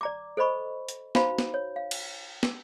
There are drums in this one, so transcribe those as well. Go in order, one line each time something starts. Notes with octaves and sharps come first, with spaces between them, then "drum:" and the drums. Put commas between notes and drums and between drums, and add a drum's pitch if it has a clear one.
D5 A#5 D6
A4 C5 D#5 B5 C#6
drum: hi-hat
D#4 F#4 C5 F5 A#5 B5, drum: snare
drum: snare
C#5
F5
drum: cymbal
E6, drum: snare